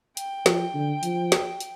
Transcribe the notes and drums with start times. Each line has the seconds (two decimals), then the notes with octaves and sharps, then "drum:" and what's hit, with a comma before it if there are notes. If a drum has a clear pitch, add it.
0.17 G5, drum: hi-hat
0.46 F3, drum: snare
0.74 D3
1.03 F3, drum: hi-hat
1.32 drum: snare
1.60 drum: hi-hat